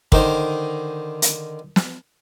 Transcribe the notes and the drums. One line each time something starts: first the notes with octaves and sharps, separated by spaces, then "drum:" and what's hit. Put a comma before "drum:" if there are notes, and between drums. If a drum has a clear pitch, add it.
D3 D#3 D#4 C5, drum: kick
drum: hi-hat
drum: snare